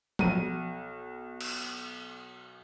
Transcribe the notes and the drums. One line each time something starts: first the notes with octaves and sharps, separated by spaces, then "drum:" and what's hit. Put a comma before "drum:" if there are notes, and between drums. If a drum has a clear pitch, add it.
B1 D#7, drum: tom F3
drum: cymbal